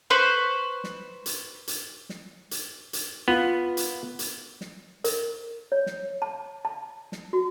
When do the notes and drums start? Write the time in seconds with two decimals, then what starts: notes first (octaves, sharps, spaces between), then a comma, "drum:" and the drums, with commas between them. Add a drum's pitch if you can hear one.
0.10 B4 C5 C#6
0.84 drum: snare
1.26 drum: hi-hat
1.68 drum: hi-hat
2.09 drum: snare
2.51 drum: hi-hat
2.93 drum: hi-hat
3.28 B3 F4
3.77 drum: hi-hat
4.19 drum: hi-hat
4.61 drum: snare
5.04 A#4, drum: hi-hat
5.72 C#5
5.86 drum: snare
6.22 A5
6.65 A5
7.12 drum: snare
7.33 F#4